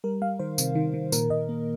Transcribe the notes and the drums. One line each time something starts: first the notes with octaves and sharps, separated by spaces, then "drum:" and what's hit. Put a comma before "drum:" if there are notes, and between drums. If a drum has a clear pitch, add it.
G3 A#4
G3 F5
D#3 C5
C3, drum: tambourine
D#3
D#3
A#2 A#4, drum: tambourine
A#2 D#5
A#3